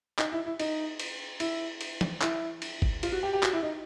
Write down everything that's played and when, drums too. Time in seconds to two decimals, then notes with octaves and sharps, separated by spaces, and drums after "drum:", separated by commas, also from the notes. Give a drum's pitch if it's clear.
0.18 D#4, drum: clap
0.32 E4
0.46 E4
0.60 D#4, drum: cymbal
1.00 drum: cymbal
1.40 E4, drum: cymbal
1.81 drum: cymbal
2.01 drum: tom E3
2.21 E4, drum: clap
2.62 drum: cymbal
2.82 drum: kick G1
3.03 F4, drum: cymbal
3.12 F#4
3.23 G4
3.33 G4
3.43 F#4, drum: clap
3.53 E4
3.63 D#4